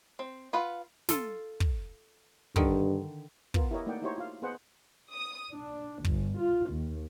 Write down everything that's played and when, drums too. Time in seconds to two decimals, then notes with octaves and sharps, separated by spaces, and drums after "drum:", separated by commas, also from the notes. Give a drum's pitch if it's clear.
0.19 C4
0.53 F4 B4 F5 F#5
1.09 F4 A4, drum: snare
1.60 drum: kick
2.56 G2 D3 D#3, drum: kick
3.54 B3 F4 A#4, drum: kick
3.71 E4 G4 A#4 B4 C#5 D#5
3.86 A3 A#3 D#4 D5 F#5 G5
4.02 D#4 E4 F#4 G4 C5 C#5
4.18 F4 F5
4.42 B3 G#4 B4 C5 D#5 F#5
5.12 D#6
5.51 D4
6.04 G1, drum: kick
6.39 F4
6.72 D#2